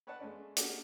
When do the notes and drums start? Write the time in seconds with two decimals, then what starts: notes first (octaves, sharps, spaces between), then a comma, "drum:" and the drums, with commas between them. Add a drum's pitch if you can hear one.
0.07 B4 C#5 D5 F#5 A5
0.20 G#3 A3 C#4 D5
0.57 A#3 C#4 D4 F#4 G4 A4, drum: hi-hat